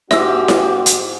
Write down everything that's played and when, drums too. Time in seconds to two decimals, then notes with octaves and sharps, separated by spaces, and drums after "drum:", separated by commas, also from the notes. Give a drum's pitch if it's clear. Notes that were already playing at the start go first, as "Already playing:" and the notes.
0.11 G#2 A#3 D4 F#4 G4 E5 E6, drum: snare E4
0.48 drum: snare E4
0.86 drum: hi-hat